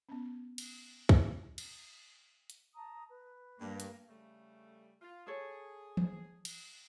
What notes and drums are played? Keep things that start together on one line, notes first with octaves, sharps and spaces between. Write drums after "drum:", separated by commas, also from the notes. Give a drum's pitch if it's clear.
B3 C#4
drum: cymbal
drum: kick
drum: cymbal
drum: hi-hat
A5 A#5 D#6
B4
G2 A#3
drum: hi-hat
C#3 G3 A3
F4
G#4 A4 C#5
drum: tom E3
drum: cymbal